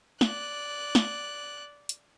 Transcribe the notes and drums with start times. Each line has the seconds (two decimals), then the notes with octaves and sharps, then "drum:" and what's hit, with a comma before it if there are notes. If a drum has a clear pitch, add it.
0.21 D5 F#6, drum: snare
0.95 drum: snare
1.89 drum: hi-hat